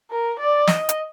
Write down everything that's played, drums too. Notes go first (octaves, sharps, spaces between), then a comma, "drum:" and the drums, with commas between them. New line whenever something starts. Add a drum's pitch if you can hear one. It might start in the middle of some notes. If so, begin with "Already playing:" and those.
A#4
D5
D#5, drum: snare
drum: hi-hat